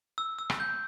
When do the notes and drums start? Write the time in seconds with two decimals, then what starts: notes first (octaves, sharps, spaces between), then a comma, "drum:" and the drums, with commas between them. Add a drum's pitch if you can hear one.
0.18 E6
0.39 E6
0.50 drum: rim click
0.60 G6